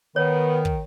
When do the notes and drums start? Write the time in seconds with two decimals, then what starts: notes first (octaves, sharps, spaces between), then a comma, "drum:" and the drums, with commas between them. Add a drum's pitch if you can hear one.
0.16 D#3 B3 C#5
0.65 drum: kick